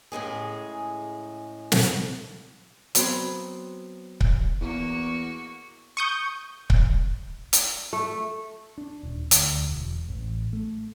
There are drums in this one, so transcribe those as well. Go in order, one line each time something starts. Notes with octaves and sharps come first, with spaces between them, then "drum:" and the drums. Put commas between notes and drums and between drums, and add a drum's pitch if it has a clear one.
A2 C#3 G#3 G#4
drum: snare
F#3 B3 C4, drum: hi-hat
drum: kick C#1
E2 A#3 F#4
C#6 D#6 G6
drum: kick C#1
drum: hi-hat
A3
D4
D#1
D2, drum: hi-hat
E1
A1
A3